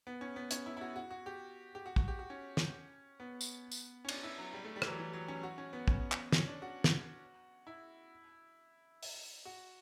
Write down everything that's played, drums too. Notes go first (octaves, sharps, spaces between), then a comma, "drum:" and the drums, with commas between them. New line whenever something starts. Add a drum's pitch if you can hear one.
B3
C#4
B3
C#4, drum: hi-hat
E4
E4
F#4
F#4
F#4
G4
G4
F#4
F#4, drum: kick
G4
F#4
C#4
drum: snare
B3
drum: tambourine
drum: tambourine
C#4
D4, drum: cymbal
E4
F#3
G3
A3
G3
E3, drum: rim click
F#3
E3
F#3
C#4
F#4
C#4
B3
C#4, drum: kick
drum: clap
C#4, drum: snare
D4
F#4
drum: snare
E4
drum: open hi-hat
F#4